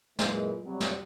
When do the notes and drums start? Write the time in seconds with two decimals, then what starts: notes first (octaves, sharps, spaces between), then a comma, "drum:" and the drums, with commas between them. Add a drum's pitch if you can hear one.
0.19 F#2 A#2 E3 G#3, drum: snare
0.64 C3 F#3 G3
0.80 drum: snare